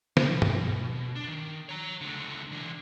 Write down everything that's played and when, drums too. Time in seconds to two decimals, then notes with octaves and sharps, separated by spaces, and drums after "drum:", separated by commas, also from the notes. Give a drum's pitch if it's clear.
0.17 B2, drum: snare
0.42 drum: tom
1.15 D4
1.27 D#3
1.69 C#5 A#5
2.01 C#2 D3
2.51 E3 D4